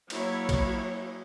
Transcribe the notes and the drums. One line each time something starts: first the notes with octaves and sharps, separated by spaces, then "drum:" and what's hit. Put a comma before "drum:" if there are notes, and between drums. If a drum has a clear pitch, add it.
F#3 A#3 E4 C#5, drum: cymbal
drum: kick, cymbal